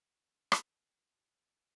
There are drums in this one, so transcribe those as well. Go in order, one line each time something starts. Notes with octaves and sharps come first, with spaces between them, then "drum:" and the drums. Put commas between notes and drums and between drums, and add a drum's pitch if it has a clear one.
G#4
drum: rim click